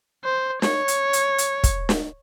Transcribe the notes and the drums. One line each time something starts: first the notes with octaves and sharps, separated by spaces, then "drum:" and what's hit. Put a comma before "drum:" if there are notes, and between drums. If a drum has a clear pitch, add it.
C5
C#5, drum: snare
drum: hi-hat
drum: hi-hat
drum: hi-hat
drum: kick, hi-hat
drum: snare